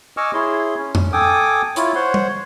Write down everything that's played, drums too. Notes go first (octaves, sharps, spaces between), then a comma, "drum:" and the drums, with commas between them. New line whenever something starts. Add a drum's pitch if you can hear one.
D#5 G#5 C#6 D6 E6 F6
E4 G#4 C#5 C6
C#4
drum: tom F2
A4 G5 G#5 D6 D#6
E4 F4 C#5, drum: hi-hat
C5 C#5 F#5 C6
drum: tom G3